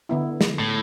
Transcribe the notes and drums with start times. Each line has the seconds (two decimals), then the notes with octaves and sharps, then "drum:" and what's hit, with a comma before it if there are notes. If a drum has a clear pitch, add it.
0.09 D3 B3 E4
0.41 drum: snare
0.59 A2